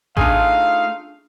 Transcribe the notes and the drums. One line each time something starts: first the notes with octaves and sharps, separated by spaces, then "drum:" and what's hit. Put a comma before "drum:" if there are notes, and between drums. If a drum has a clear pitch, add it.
A3 D4 D#4 F4 G#4 F5, drum: kick A1